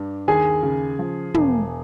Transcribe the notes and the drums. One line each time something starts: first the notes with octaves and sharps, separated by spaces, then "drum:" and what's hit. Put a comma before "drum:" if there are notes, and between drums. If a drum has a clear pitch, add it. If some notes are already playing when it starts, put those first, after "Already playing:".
Already playing: G2 D4
D#2 G#4 G#5
C#3
F3
E1, drum: tom